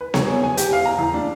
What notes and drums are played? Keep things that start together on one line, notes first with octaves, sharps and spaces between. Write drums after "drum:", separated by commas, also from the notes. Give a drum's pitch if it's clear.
B4
C#5, drum: snare B3
G#4
G#5
G4, drum: hi-hat
F5
A#5
E2
D4